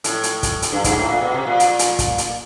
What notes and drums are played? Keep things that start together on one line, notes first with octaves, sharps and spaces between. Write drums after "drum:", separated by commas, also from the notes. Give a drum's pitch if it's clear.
A2, drum: hi-hat
drum: hi-hat
drum: kick, hi-hat
drum: hi-hat
G2
G#2, drum: kick, hi-hat
A2
A#2
B2
C3
A#2
drum: hi-hat
drum: hi-hat
drum: kick, hi-hat
drum: hi-hat